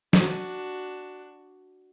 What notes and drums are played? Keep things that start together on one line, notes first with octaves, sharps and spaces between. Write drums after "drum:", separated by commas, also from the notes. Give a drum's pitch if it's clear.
D4 F#4, drum: snare